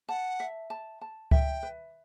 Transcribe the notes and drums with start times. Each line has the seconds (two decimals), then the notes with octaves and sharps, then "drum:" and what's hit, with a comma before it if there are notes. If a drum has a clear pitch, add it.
0.09 F#5 A5
0.40 E5
0.70 A5
1.01 A5
1.31 E5 G5, drum: kick C#2
1.63 B4